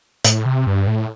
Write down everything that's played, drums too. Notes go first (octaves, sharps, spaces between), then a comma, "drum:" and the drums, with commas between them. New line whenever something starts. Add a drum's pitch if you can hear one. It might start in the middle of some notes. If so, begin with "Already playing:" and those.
A2, drum: hi-hat
C3
G2
A2